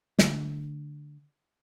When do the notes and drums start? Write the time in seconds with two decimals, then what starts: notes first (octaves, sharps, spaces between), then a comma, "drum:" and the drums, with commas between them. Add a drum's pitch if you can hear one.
0.19 D3 A3, drum: snare